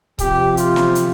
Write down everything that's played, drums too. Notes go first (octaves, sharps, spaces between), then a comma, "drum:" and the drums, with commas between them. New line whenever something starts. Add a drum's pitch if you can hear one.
C3 F3 G4, drum: kick C#1, hi-hat
F4, drum: hi-hat
drum: snare
drum: hi-hat